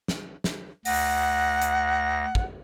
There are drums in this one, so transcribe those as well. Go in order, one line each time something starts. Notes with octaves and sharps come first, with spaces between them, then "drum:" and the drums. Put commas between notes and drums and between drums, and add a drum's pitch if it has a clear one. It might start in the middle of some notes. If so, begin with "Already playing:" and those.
drum: snare
drum: snare
D2 F#5 A#6, drum: open hi-hat
drum: hi-hat
drum: kick